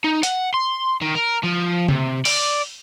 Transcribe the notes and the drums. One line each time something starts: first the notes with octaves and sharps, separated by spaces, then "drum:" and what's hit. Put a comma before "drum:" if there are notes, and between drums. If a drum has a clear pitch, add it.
D#4
F#5, drum: hi-hat
C6
D#3
A#4
F3
C3, drum: tom C#3
D5, drum: open hi-hat